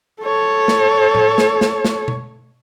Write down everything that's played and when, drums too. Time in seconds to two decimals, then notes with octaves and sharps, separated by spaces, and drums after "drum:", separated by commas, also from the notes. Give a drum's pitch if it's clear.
0.21 A4 C#5
0.68 drum: snare
1.15 drum: tom A2
1.38 drum: snare
1.61 drum: snare
1.85 drum: snare
2.08 drum: tom B2